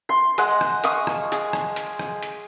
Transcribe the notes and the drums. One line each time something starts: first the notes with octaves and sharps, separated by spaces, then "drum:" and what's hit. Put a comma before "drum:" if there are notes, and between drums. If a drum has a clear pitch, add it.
C6
G#3 D#5 F#5, drum: hi-hat
drum: rim click
F5 C#6 D#6, drum: hi-hat
drum: rim click
G#4, drum: hi-hat
drum: rim click
drum: hi-hat
drum: rim click
drum: hi-hat